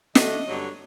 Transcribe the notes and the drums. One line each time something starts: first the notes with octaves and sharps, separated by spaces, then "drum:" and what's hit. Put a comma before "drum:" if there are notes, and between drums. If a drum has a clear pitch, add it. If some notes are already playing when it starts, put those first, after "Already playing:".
D3 A3 D4 D#5, drum: snare
G2 D3 F#3